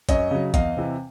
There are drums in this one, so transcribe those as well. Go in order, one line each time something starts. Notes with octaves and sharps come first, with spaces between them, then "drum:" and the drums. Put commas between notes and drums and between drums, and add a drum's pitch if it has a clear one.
F#2 C#5 D#5, drum: kick, hi-hat
C#3 F#3
E2 D#5 F5, drum: kick, hi-hat
C3 E3